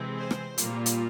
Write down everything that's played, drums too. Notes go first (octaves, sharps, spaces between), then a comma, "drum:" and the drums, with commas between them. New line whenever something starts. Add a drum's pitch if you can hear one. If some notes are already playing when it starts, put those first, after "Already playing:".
Already playing: C3 E3 G#3 C4
G#4 C5
drum: rim click
A#2 G3 A#3 F4, drum: hi-hat
drum: hi-hat